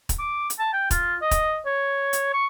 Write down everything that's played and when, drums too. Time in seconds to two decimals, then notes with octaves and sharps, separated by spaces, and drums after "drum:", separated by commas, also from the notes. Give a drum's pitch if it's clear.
0.09 drum: kick, hi-hat
0.19 D6
0.50 drum: hi-hat
0.59 A5
0.73 G5
0.91 F4, drum: kick, hi-hat
1.22 D#5
1.31 drum: kick, hi-hat
1.66 C#5
2.13 drum: hi-hat
2.33 C#6